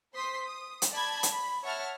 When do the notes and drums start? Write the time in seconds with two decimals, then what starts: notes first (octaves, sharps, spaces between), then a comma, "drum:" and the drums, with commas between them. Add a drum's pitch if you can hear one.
0.14 C5 C6 D#6 B6
0.45 D#6
0.82 drum: hi-hat
0.91 D5 A5 B5 G#6
1.23 drum: hi-hat
1.33 B5
1.63 C#5 E5 F#5 A5 F6